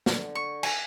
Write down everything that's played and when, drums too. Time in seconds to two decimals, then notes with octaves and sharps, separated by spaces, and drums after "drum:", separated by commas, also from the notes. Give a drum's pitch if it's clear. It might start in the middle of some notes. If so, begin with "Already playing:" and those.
0.06 D3, drum: snare
0.35 C#6
0.63 G#5, drum: cymbal